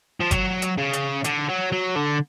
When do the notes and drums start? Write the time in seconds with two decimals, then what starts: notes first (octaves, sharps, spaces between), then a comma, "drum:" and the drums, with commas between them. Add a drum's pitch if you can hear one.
0.20 F3
0.31 F#3, drum: kick G1, hi-hat
0.62 drum: hi-hat
0.78 C#3
0.93 drum: hi-hat
1.24 D3, drum: hi-hat
1.49 F#3
1.72 F#3
1.96 D3